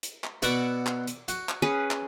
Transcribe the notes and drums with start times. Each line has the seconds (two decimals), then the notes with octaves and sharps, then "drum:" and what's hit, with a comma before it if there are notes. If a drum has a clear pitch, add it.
0.03 drum: hi-hat
0.24 drum: clap
0.42 B2 B3 F#4 D5 E5 F#5, drum: hi-hat
0.86 drum: clap
1.07 drum: hi-hat
1.28 F#4, drum: hi-hat
1.49 drum: clap
1.62 C#4 G#4 B4
1.91 drum: clap